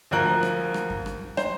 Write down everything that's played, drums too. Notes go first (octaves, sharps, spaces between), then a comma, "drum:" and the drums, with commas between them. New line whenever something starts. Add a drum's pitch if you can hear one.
D2 F3 A#4 F#6
drum: rim click
drum: rim click
drum: kick F#2
drum: rim click
C5, drum: rim click